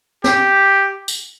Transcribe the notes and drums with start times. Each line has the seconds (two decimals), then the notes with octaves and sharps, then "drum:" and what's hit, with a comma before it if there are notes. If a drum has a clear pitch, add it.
0.24 G4, drum: snare
1.08 drum: tambourine